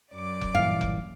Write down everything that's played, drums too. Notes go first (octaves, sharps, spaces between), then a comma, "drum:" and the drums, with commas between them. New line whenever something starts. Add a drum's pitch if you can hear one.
F#2 D5 D6
drum: kick F1
G2 A#2 E3 F5
drum: kick F1